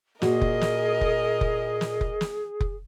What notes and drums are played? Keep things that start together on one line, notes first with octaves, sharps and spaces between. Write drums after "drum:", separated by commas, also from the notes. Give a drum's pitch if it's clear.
A#2 F#4 G#4 A#4 D#5, drum: snare
drum: kick F1
drum: snare
drum: kick F1
drum: kick F1
drum: snare
drum: kick F1
drum: snare
drum: kick F1